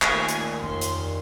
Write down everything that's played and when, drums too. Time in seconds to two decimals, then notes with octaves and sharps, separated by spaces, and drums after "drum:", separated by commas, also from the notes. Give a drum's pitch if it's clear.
0.02 D#2 A#2 D#3 A3 G#5, drum: clap
0.28 drum: hi-hat
0.63 F2 C6
0.81 drum: hi-hat